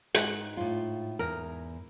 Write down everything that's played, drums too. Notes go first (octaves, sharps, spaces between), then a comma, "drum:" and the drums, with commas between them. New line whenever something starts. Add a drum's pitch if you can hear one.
G#2 F#5, drum: hi-hat
A2 F4
E2 A#4